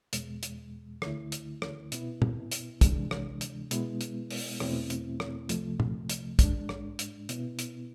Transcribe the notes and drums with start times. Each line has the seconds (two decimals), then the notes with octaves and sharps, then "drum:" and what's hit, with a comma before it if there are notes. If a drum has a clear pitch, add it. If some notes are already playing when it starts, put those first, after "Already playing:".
0.13 E2 B2 G#3, drum: hi-hat
0.43 drum: hi-hat
1.02 D2 D3 A3 E4, drum: rim click
1.32 drum: hi-hat
1.62 drum: rim click
1.92 B2 B3 E4, drum: hi-hat
2.22 drum: tom
2.51 drum: hi-hat
2.81 D2 C3 E3 G#3 D4, drum: kick, hi-hat
3.11 drum: rim click
3.41 drum: hi-hat
3.71 B2 G#3 B3 E4, drum: hi-hat
4.01 drum: hi-hat
4.30 drum: open hi-hat
4.60 E2 B2 A3 C4 E4, drum: rim click
4.90 drum: hi-hat
5.20 drum: rim click
5.49 C2 C3 F3 A3, drum: hi-hat
5.80 drum: tom
6.10 drum: hi-hat
6.39 G#2 G#3 D4, drum: kick, hi-hat
6.69 drum: rim click
6.99 drum: hi-hat
7.29 B2 B3 E4, drum: hi-hat
7.59 drum: hi-hat